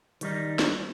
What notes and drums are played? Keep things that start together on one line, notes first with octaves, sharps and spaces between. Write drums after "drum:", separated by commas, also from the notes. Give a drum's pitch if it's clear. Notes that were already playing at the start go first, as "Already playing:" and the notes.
D#3 G3 D#4, drum: hi-hat
drum: snare